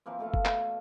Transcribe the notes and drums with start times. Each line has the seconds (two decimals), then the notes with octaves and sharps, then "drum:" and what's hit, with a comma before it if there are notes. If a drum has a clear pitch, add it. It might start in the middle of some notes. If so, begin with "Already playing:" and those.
0.06 E3 F3 A#3 C4
0.19 B2 A3 A4 F5
0.34 drum: kick F#1
0.45 B2, drum: clap